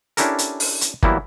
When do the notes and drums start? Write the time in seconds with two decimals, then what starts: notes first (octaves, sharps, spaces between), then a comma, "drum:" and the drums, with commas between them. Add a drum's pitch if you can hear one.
0.17 C#4 D4 E4 G4 A4 A#4, drum: hi-hat
0.38 drum: hi-hat
0.60 drum: open hi-hat
0.81 drum: hi-hat
1.03 E3 F#3 G3 A#3 B3 E4, drum: kick